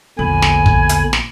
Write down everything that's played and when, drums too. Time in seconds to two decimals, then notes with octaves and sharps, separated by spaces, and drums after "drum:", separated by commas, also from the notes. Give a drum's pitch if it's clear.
0.19 A#1 E2 D3 G#5 B5
0.42 drum: snare
0.66 drum: kick
0.89 drum: hi-hat
1.13 drum: snare